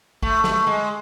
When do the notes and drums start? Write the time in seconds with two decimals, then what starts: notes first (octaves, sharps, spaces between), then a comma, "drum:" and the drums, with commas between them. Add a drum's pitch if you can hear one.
0.22 A3, drum: kick A1
0.44 A3, drum: snare
0.67 G#3